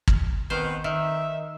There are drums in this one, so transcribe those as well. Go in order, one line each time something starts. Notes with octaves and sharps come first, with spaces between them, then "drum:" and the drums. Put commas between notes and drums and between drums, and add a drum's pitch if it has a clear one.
drum: kick
B2 D#3 C4 B4 C5
D#3 D#4 E5